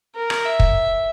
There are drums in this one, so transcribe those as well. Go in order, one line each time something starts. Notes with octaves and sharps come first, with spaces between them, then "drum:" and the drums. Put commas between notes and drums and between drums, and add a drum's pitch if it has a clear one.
A#4
drum: rim click
E5
drum: kick